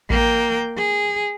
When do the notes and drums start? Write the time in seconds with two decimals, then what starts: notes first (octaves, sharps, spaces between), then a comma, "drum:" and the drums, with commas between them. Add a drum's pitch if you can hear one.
0.10 A#3 G5, drum: kick A1
0.78 G#4